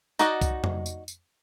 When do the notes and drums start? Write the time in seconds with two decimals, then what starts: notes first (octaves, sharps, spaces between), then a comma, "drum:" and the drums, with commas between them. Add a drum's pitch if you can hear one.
0.19 D#4 F#4 D5 D#5 F#5, drum: tambourine
0.41 drum: kick C2, tambourine
0.64 drum: tom F2
0.86 drum: tambourine
1.08 drum: tambourine